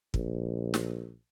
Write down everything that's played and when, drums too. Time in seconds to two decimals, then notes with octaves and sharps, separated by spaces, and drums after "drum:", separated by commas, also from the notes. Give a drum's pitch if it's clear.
0.14 A#1, drum: kick
0.74 drum: snare